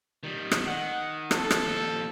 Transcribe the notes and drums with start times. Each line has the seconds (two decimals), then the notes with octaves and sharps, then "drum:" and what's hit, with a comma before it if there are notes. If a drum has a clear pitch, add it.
0.23 D#3 G3
0.52 drum: rim click
0.67 D#3 F#5
1.31 A4, drum: rim click
1.51 drum: rim click
1.66 D#2 F3